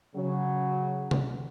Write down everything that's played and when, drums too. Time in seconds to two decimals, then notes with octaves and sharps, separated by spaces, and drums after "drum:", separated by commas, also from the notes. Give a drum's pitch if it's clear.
0.16 C#3 F#3
1.11 drum: tom C3